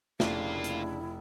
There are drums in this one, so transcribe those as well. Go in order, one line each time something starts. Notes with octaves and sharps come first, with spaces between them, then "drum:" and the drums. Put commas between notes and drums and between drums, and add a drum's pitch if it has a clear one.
F1 C#3 A3 A#3 D4 E4 F4, drum: snare
drum: hi-hat